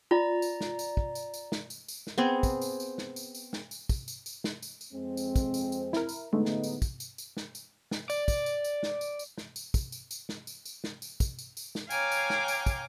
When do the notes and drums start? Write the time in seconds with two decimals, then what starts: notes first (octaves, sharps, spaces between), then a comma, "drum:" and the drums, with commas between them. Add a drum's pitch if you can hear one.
0.11 F4 D5 A#5
0.42 drum: tambourine
0.61 drum: snare
0.79 drum: tambourine
0.97 drum: kick
1.15 drum: tambourine
1.34 drum: tambourine
1.52 drum: snare
1.70 drum: tambourine
1.88 drum: tambourine
2.07 drum: snare
2.18 B3 C4 G#4
2.43 drum: kick, tambourine
2.62 drum: tambourine
2.80 drum: tambourine
2.98 drum: snare
3.16 drum: tambourine
3.35 drum: tambourine
3.53 drum: snare
3.71 drum: tambourine
3.89 drum: kick, tambourine
4.08 drum: tambourine
4.26 drum: tambourine
4.44 drum: snare
4.63 drum: tambourine
4.81 drum: tambourine
4.93 F2 G#3 C4
5.17 drum: tambourine
5.36 drum: kick, tambourine
5.54 drum: tambourine
5.72 drum: tambourine
5.93 E4 A#4, drum: snare
6.09 drum: tambourine
6.33 A2 D3 G#3 A3 B3 D#4
6.45 drum: snare
6.63 drum: tambourine
6.82 drum: kick, tambourine
7.00 drum: tambourine
7.18 drum: tambourine
7.37 drum: snare
7.55 drum: tambourine
7.91 drum: snare
8.10 D5, drum: tambourine
8.28 drum: kick, tambourine
8.46 drum: tambourine
8.64 drum: tambourine
8.83 drum: snare
9.01 drum: tambourine
9.19 drum: tambourine
9.38 drum: snare
9.56 drum: tambourine
9.74 drum: kick, tambourine
9.92 drum: tambourine
10.11 drum: tambourine
10.29 drum: snare
10.47 drum: tambourine
10.65 drum: tambourine
10.84 drum: snare
11.02 drum: tambourine
11.20 drum: kick, tambourine
11.39 drum: tambourine
11.57 drum: tambourine
11.75 drum: snare
11.90 C#5 F5 G5 G#5 A#5 D6, drum: tambourine
12.12 drum: tambourine
12.30 drum: snare
12.48 drum: tambourine
12.66 drum: kick, tambourine